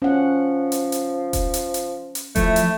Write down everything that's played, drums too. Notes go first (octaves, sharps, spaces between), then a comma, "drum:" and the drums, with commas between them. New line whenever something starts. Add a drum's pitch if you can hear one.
F3 C#4 F#5
drum: hi-hat
drum: hi-hat
drum: kick E1, hi-hat
drum: hi-hat
drum: hi-hat
drum: hi-hat
F3 A3 E4, drum: kick E1, hi-hat
drum: hi-hat